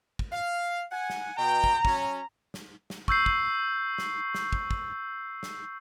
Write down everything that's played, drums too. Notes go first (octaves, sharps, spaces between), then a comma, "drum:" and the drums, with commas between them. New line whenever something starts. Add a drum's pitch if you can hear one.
drum: kick
F5
F#5 G#5
drum: snare
B2 G5 A#5
drum: kick
F#3 C#4, drum: kick
drum: snare
drum: snare
C#6 E6 G6 C7, drum: kick
drum: kick
drum: snare
drum: snare
drum: kick
drum: kick
drum: snare